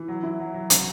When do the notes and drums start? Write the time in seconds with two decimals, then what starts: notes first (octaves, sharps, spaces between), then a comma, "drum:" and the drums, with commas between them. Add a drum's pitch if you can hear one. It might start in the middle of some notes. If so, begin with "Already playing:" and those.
Already playing: E3
0.08 F#3
0.23 E4
0.40 F#3
0.54 F#3
0.70 C#3, drum: hi-hat